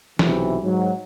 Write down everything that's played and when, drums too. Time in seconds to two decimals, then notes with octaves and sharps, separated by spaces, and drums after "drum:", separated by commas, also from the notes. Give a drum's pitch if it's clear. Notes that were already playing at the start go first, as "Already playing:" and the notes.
0.19 B1 C3 E3, drum: snare
0.63 G#2 F#3